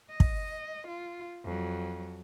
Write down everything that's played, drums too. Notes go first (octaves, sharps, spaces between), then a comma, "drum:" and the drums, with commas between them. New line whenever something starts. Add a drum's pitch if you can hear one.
D#5
drum: kick
F4
F2 F#3